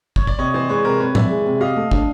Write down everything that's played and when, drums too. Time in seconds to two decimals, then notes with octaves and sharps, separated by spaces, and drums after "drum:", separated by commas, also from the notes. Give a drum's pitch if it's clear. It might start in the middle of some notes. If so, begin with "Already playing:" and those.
0.16 C#5, drum: kick
0.27 D5, drum: kick
0.39 C3 C#5 D#5
0.54 E3 C5 D5
0.69 G#3 B4 C#5
0.85 C3 A#4 C5
1.00 C3 B4 C#5
1.15 E3 D5 E5, drum: tom A2
1.30 G#3
1.46 C3
1.61 G4 D#5 F5
1.77 A3
1.91 D4, drum: kick